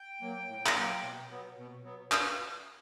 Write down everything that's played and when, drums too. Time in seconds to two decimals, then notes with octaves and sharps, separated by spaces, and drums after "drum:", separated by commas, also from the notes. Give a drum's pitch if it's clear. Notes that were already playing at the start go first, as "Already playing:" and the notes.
Already playing: G5
0.21 F#3 A#3
0.48 A2
0.66 drum: clap
0.76 F#3 A#3
1.02 B2
1.30 F#3 B3
1.57 B2
1.84 F#3 B3
2.12 drum: clap